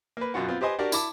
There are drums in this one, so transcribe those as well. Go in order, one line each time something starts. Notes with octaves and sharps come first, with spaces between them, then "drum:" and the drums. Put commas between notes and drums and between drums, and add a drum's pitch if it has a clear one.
A#3 B4
F#2 B2 F4 F#4 F#5
B3 C4 F4
G4 B4 C5 D#5 G#5
D4 F#4 G4 A#4 D5
E4 A5 D6, drum: tambourine